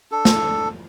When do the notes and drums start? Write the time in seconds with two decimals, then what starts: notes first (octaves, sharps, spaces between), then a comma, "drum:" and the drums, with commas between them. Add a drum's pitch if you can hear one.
0.12 D4 A4
0.25 drum: snare